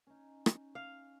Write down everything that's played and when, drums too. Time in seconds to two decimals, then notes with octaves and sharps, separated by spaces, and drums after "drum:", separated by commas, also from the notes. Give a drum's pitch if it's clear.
0.07 C#4 D#4
0.46 drum: rim click
0.75 F5